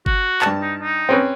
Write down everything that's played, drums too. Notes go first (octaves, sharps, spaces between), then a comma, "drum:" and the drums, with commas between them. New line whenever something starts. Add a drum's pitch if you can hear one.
F#4, drum: kick G1
G2 A5, drum: clap
D#4
D#4
C4 C#4 B4